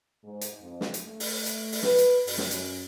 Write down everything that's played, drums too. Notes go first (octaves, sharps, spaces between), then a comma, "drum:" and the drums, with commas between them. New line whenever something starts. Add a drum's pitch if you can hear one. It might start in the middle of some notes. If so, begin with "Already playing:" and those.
G#2
drum: hi-hat
F2
drum: snare
drum: hi-hat
A3
drum: open hi-hat
drum: hi-hat
drum: open hi-hat
B4, drum: snare
drum: hi-hat
F#2, drum: open hi-hat
drum: snare
drum: hi-hat